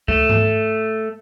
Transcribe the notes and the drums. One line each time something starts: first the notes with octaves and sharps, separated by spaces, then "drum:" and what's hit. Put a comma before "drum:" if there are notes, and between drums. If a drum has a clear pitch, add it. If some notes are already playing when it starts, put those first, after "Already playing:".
A3, drum: kick C#2
drum: tom G#2